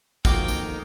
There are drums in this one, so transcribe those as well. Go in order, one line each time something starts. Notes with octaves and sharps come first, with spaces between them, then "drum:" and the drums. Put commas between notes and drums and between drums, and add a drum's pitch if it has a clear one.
F2 D#3 A#3 F#4 G5 D6, drum: kick, tambourine
drum: tambourine